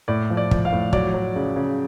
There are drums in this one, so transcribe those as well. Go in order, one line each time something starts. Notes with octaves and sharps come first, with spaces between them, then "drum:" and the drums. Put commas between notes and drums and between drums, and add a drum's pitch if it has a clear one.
A2 D5
F3
D5
F3, drum: kick
F5
A2
F#3 D5, drum: kick
F#3
C#3
C#3